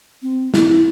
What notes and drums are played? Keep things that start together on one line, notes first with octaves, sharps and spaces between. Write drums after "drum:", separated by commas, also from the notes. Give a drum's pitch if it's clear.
C4
E4, drum: snare